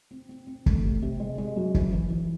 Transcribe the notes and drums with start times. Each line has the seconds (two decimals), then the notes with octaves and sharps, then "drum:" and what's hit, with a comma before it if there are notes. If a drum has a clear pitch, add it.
0.11 C4
0.29 C4
0.47 C4
0.66 A3, drum: kick
0.84 C3
1.02 C3
1.20 G#3
1.38 G#3
1.56 F#2
1.75 E3, drum: kick
1.92 E3
2.10 E3